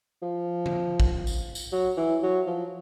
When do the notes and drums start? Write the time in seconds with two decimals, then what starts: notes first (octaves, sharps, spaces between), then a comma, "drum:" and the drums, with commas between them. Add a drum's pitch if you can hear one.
0.22 F3
0.66 drum: tom D3
1.00 drum: kick
1.27 drum: tambourine
1.55 drum: tambourine
1.72 F#3
1.97 E3
2.23 F#3
2.47 F3